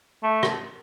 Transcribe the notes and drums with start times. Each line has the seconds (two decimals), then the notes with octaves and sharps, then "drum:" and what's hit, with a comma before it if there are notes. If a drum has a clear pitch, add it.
0.23 A3
0.43 drum: rim click